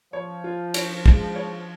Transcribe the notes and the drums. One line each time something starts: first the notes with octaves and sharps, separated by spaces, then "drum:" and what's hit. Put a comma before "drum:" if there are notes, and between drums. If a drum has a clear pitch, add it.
F3 C#5
F4
C#5, drum: cymbal
G#3, drum: kick
C#5